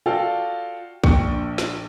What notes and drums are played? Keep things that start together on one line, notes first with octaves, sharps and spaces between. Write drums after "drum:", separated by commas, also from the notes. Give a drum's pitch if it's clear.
F4 F#4 A4 D5 F5 G5
A#1 D4 G5 C#6 C#7, drum: kick
drum: snare